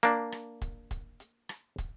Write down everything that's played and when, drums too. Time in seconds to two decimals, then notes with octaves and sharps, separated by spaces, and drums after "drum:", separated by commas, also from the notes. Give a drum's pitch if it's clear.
0.03 A#3 D4, drum: hi-hat
0.32 drum: rim click
0.62 drum: kick, hi-hat
0.91 drum: kick, hi-hat
1.20 drum: hi-hat
1.49 drum: rim click
1.78 drum: kick, hi-hat